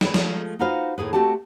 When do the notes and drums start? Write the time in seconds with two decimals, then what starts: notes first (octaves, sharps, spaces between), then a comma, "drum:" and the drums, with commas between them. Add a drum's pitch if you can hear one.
0.01 D#3 G#4 B4, drum: snare
0.14 F3 G#3 A3, drum: snare
0.59 D#4 F4 F#4 B4 C5 F5
0.98 D#2 A2 G#4 B4
1.13 A3 C4 F#4 G4 A5